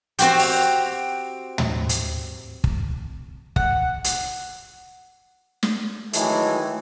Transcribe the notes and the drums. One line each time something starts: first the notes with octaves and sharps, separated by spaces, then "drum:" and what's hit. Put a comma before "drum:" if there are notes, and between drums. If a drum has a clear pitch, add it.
C4 F#4 G4, drum: hi-hat
drum: open hi-hat
drum: tom
drum: hi-hat
drum: kick
F#5, drum: kick
drum: hi-hat
drum: snare
D#3 E3 F#3 G#3 A3, drum: hi-hat